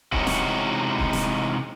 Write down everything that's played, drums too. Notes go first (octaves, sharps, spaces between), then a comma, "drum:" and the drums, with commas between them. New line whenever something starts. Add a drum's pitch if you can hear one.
C3 E3 G#3 C#4 D#4 F#4, drum: kick D#1
drum: snare
drum: kick D#1
drum: snare